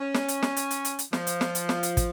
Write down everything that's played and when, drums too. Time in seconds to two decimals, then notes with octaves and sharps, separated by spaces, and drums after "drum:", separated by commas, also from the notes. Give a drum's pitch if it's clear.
0.01 C#4
0.14 drum: snare
0.28 drum: hi-hat
0.42 drum: snare
0.57 drum: hi-hat
0.71 drum: hi-hat
0.85 drum: hi-hat
0.99 drum: hi-hat
1.13 F3, drum: snare
1.27 drum: hi-hat
1.41 drum: snare
1.55 drum: hi-hat
1.69 drum: snare
1.83 drum: hi-hat
1.97 drum: kick, hi-hat